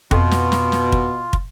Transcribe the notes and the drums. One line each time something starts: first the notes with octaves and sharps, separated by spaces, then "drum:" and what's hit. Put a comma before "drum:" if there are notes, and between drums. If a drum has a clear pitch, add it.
F2 B2 F4, drum: kick
drum: snare
drum: snare
drum: snare
drum: kick
drum: kick